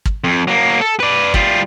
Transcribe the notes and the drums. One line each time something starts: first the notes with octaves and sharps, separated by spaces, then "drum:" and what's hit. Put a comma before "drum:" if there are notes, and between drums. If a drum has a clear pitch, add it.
drum: kick
F2
F#3 A#3
A4
B4 D5
G3 F4, drum: kick